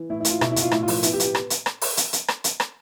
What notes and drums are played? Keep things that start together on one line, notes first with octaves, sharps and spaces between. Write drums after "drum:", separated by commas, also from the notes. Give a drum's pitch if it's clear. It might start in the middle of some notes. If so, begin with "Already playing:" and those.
Already playing: E3
A2 E4
E4
A2, drum: hi-hat
F4
B2 E4, drum: rim click
E4
B2, drum: hi-hat
F4
A2 E4, drum: rim click
F4
F3, drum: open hi-hat
F4
B3 E4, drum: hi-hat
G4
B3, drum: hi-hat
G4
drum: rim click
drum: hi-hat
drum: rim click
drum: open hi-hat
drum: hi-hat
drum: hi-hat
drum: rim click
drum: hi-hat
drum: rim click